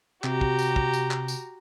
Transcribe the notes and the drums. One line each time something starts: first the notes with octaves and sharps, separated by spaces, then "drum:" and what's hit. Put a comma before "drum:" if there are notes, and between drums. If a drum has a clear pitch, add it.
C3 F#4 G4 A#5, drum: clap
drum: kick
drum: tambourine
drum: kick
drum: tambourine
drum: clap
drum: tambourine